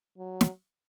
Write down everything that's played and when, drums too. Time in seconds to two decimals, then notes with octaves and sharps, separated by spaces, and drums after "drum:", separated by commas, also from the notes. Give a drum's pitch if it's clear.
0.18 F#3
0.41 drum: snare